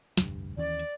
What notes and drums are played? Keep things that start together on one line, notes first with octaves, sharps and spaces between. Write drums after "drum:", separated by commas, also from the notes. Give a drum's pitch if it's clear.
F1 D2 G2, drum: snare
D#2 E3 C#4 D5
drum: hi-hat